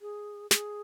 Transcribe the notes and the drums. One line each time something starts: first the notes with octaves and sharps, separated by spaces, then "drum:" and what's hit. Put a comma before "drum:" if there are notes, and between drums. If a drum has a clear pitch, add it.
G#4
G#4, drum: snare